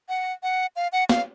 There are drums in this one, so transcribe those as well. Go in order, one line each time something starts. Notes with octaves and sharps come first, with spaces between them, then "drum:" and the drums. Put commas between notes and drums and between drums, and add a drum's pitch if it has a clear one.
F#5
F#5
F5
F#5
F5, drum: snare